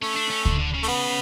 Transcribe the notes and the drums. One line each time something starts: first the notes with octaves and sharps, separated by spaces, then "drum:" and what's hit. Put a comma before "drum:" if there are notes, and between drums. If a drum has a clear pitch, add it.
A3 C#4
D4
C#4
D3, drum: kick D2
D3
C#3
A3
B3